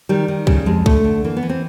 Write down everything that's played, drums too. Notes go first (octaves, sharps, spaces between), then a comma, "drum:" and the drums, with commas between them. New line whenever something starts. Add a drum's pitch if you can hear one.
D#3 G3
D#3
C#3 G3, drum: kick B1
F2 G#3
D3 A3, drum: kick B1
D3
E3 A#3
B3
E3
C4